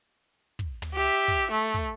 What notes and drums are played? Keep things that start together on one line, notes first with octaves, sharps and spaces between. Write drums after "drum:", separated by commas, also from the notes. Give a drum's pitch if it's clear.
drum: kick
drum: tom
G4 E5
drum: kick, hi-hat
A3
drum: kick, hi-hat